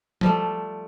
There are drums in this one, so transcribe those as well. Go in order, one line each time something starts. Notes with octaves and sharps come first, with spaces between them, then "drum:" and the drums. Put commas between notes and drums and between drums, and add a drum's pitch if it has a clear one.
F3 G3 A3, drum: tom F3